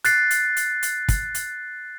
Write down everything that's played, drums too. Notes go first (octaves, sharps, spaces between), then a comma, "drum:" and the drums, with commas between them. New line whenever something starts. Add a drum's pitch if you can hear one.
F#6 A6 C7, drum: hi-hat
drum: hi-hat
drum: hi-hat
drum: hi-hat
drum: kick, hi-hat
drum: hi-hat